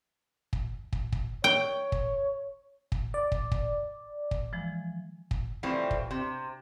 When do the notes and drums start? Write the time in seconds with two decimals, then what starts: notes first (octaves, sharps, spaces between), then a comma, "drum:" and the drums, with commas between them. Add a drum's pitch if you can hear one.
0.53 drum: kick
0.93 drum: kick
1.12 drum: kick
1.44 C#5 G5
1.92 drum: kick
2.92 drum: kick
3.14 D5
3.32 drum: kick
3.52 drum: kick
4.31 drum: kick
4.53 E3 F3 G#3
5.31 drum: kick
5.63 E3 F3 G3 A3 C4
5.91 drum: kick
6.11 C3